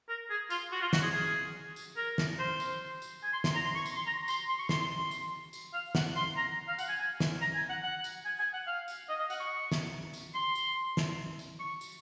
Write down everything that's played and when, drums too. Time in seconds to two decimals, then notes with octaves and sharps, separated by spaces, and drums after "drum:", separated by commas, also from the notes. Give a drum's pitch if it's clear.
0.09 A#4
0.30 G#4
0.50 F4, drum: tambourine
0.72 F#4
0.82 F4
0.93 F#4, drum: snare
1.03 G#4
1.13 G#4
1.76 drum: tambourine
1.97 A#4
2.18 drum: snare
2.39 C5
2.60 drum: tambourine
3.02 drum: tambourine
3.23 G#5
3.33 C6
3.44 C6, drum: snare
3.54 A#5
3.65 C6
3.75 C#6
3.86 drum: tambourine
3.96 C6
4.06 A#5
4.28 C6, drum: tambourine
4.48 C6
4.59 C#6
4.69 C6, drum: snare
4.80 C6
4.90 C6
5.11 drum: tambourine
5.53 drum: tambourine
5.74 F5
5.95 F#5, drum: snare
6.16 C6
6.37 A#5
6.68 F5
6.79 F#5, drum: tambourine
6.89 G#5
6.99 G#5
7.20 drum: snare
7.41 A#5
7.55 G#5
7.69 F#5
7.83 F#5
8.04 drum: tambourine
8.25 G#5
8.39 G#5
8.53 F#5
8.67 F5
8.88 drum: tambourine
9.09 D#5
9.19 D#5
9.30 F#5, drum: tambourine
9.40 C#6
9.72 drum: snare
10.13 drum: tambourine
10.34 C6
10.55 drum: tambourine
10.97 drum: snare
11.39 drum: tambourine
11.60 C#6
11.81 drum: tambourine